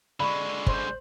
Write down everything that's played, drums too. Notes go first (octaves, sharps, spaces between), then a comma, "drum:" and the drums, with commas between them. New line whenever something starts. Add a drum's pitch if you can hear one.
D3 G#3 D5 B5 C#6
C5, drum: kick